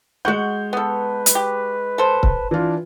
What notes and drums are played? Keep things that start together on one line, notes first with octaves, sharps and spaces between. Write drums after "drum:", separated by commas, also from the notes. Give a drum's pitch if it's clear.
G#3 F#4 F#5 C#6 G6
B3 A4 B4
drum: hi-hat
G4
A4 C5
drum: kick C#1
E3 D4 F4